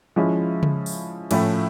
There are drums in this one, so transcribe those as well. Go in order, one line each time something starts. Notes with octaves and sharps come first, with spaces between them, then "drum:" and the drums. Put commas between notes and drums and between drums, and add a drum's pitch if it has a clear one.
F3 G#3 C#4 E4
drum: tom C#3
drum: open hi-hat
A2 F3 A3 C#4 E4, drum: cymbal